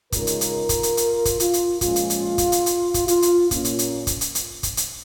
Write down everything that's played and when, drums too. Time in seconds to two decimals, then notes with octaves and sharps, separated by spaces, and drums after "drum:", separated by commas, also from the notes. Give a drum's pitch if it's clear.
0.12 C#3 G#3 D#4 F4 A#4, drum: kick, hi-hat
0.27 drum: hi-hat
0.41 drum: hi-hat
0.69 drum: kick, hi-hat
0.83 drum: hi-hat
0.97 drum: hi-hat
1.25 drum: kick, hi-hat
1.40 F4, drum: hi-hat
1.53 drum: hi-hat
1.81 A#2 F3 G#3 C#4 F4, drum: kick, hi-hat
1.96 drum: hi-hat
2.10 drum: hi-hat
2.38 drum: kick, hi-hat
2.52 drum: hi-hat
2.66 drum: hi-hat
2.94 drum: kick, hi-hat
3.08 F4, drum: hi-hat
3.22 drum: hi-hat
3.51 A#2 A#3 C#4, drum: kick, hi-hat
3.65 drum: hi-hat
3.79 drum: hi-hat
4.07 drum: kick, hi-hat
4.21 drum: hi-hat
4.35 drum: hi-hat
4.63 drum: kick, hi-hat
4.77 drum: hi-hat